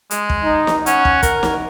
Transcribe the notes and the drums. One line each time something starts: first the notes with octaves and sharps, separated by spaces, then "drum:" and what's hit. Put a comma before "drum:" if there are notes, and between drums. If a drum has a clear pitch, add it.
G#3, drum: hi-hat
drum: kick
D#4
drum: snare
C#4 F#5, drum: hi-hat
drum: kick
A#4, drum: kick, hi-hat
drum: snare